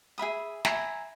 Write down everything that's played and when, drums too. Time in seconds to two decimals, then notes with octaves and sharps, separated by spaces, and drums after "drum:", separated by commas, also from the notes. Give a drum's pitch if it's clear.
0.18 G#4 E5 B5 D#6
0.65 E5 G#5 A#5 B5, drum: snare